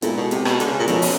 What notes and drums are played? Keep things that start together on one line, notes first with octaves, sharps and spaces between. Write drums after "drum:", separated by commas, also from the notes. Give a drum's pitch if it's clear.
A#2 G#3 B3 E4 A4, drum: hi-hat
B2
C3, drum: hi-hat
B2, drum: rim click
D3, drum: hi-hat
C#3
A#2
B2 F3 A3 C#4 F4, drum: hi-hat
drum: open hi-hat